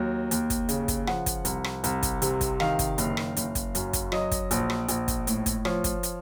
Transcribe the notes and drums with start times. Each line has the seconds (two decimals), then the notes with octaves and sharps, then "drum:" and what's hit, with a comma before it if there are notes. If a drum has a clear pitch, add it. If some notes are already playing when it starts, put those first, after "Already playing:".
Already playing: D#2 F#3
0.31 D#2, drum: hi-hat
0.50 drum: kick, hi-hat
0.69 C#3, drum: hi-hat
0.88 drum: kick, hi-hat
1.07 F3 F#5, drum: rim click
1.26 drum: kick, hi-hat
1.45 C2, drum: hi-hat
1.64 drum: rim click
1.84 C2, drum: hi-hat
2.03 drum: kick, hi-hat
2.22 C3, drum: hi-hat
2.41 drum: kick, hi-hat
2.60 D#3 F5, drum: rim click
2.79 drum: kick, hi-hat
2.98 F#1, drum: hi-hat
3.17 drum: rim click
3.37 F#1, drum: hi-hat
3.55 drum: kick, hi-hat
3.75 F#2, drum: hi-hat
3.93 drum: kick, hi-hat
4.12 F#3 D#5, drum: rim click
4.31 drum: kick, hi-hat
4.51 A#1, drum: hi-hat
4.70 drum: rim click
4.88 A#1, drum: hi-hat
5.08 drum: kick, hi-hat
5.27 A2, drum: hi-hat
5.46 drum: kick, hi-hat
5.65 F3 C#5, drum: rim click
5.84 drum: kick, hi-hat
6.03 drum: hi-hat